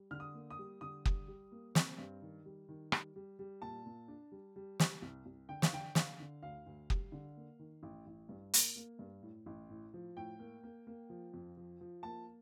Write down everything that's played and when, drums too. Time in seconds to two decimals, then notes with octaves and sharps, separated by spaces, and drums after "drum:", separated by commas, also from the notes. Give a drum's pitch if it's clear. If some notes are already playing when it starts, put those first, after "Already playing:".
Already playing: G3
0.11 D3 F6
0.20 D#6
0.34 A#3
0.50 D#6
0.59 G3
0.81 D3 D#6
1.05 G3, drum: kick
1.28 G3
1.52 A#3
1.75 C4, drum: snare
1.98 G2
2.22 D#3
2.45 G3
2.69 D#3
2.92 G3, drum: rim click
3.16 G3
3.39 G3
3.62 A#2 A5
3.86 A#2
4.08 D4
4.32 G3
4.56 G3
4.80 G3, drum: snare
5.02 C2
5.26 C2
5.49 D3 G5
5.62 F5, drum: snare
5.73 D3 G5
5.95 D3 F5, drum: snare
6.20 D3
6.43 D2 F5
6.66 D2
6.90 G3, drum: kick
7.12 D3
7.37 A#3
7.59 D#3
7.83 A1
8.06 A1
8.29 G2
8.54 A#3, drum: hi-hat
8.76 A#3
8.99 G2
9.22 A2
9.46 A1
9.70 A2
9.94 F3
10.17 A2 G5
10.39 A#3
10.63 A#3
10.87 A#3
11.09 F3
11.34 F2
11.57 F3
11.81 F3
12.03 A#3 A5